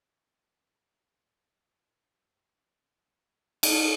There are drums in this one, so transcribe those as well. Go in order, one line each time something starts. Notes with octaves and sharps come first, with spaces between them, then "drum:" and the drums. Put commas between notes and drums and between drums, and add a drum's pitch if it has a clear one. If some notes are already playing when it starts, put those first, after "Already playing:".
F3
D#3
F3
F2
F#2
F2
F#2
drum: cymbal